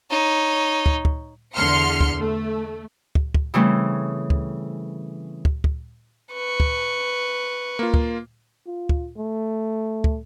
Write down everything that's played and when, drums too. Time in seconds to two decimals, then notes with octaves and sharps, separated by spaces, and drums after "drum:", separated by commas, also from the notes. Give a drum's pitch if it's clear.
0.10 D#4 C#5
0.86 drum: kick
1.05 drum: kick
1.55 E2 D3 C6 F6 C#7
2.01 drum: kick
2.19 A3
3.15 drum: kick
3.35 drum: kick
3.54 C#3 E3 G3 A3 C4 C#4
4.30 drum: kick
5.45 drum: kick
5.64 drum: kick
6.33 B4 C#6
6.60 drum: kick
7.79 A#3 F4
7.94 drum: kick
8.67 F4
8.89 drum: kick
9.17 A3
10.04 drum: kick